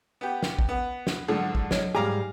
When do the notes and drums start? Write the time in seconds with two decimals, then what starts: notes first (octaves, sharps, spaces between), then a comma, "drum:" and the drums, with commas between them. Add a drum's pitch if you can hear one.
0.21 B3 G4
0.43 drum: snare
0.59 drum: kick A1
0.69 B3
1.07 drum: snare
1.28 G#2 D3 F3 F#3 C#4 F#5
1.55 drum: kick A1
1.71 F#3 C#5 D#5, drum: snare
1.95 G#2 G3 G4 G#4 F5 G5 A#5 D6